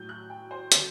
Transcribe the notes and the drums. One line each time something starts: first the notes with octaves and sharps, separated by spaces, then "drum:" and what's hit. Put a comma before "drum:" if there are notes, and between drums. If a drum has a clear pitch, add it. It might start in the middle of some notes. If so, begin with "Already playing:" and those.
Already playing: A2 F#3 G6
F#6
G5
C5
D3 F#3 C5, drum: hi-hat